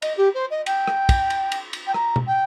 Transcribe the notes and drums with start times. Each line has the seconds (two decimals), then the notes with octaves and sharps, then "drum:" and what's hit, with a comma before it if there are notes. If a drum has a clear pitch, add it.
0.02 D#5, drum: cymbal
0.18 G4
0.34 C5
0.50 D#5
0.66 G5, drum: cymbal
0.87 drum: rim click
1.09 drum: kick, cymbal
1.30 drum: cymbal
1.52 drum: cymbal
1.73 drum: cymbal
1.87 G5
1.94 A#5, drum: rim click
2.16 drum: tom B2
2.27 G5